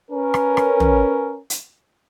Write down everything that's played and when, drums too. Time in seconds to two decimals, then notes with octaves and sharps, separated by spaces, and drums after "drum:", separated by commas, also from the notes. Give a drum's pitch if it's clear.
0.11 C#4 A#4 B4
0.34 drum: rim click
0.57 drum: rim click
0.80 drum: tom
1.50 drum: hi-hat